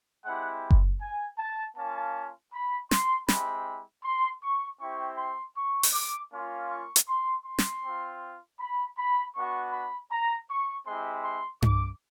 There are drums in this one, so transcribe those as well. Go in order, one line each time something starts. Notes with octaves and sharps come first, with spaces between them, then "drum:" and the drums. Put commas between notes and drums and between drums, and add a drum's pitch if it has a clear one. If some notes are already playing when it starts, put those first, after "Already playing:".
G#3 C4 E4 G4 F#5
drum: kick F#1
G#5
A5
A#3 C#4 F4 A5
B5
C6, drum: snare
G#3 C4 E4 G4 B5, drum: snare
C6
C#6
C4 E4 G4 C#6
C6
C#6
drum: open hi-hat
D6
A#3 C#4 F4
C#6
drum: hi-hat
C6
C6
drum: snare
C4 F4
B5
B5
B3 D4 F#4 C#6
B5
A#5
C#6
G#3 C4 E4 G4 C6
C6
D6, drum: tom G2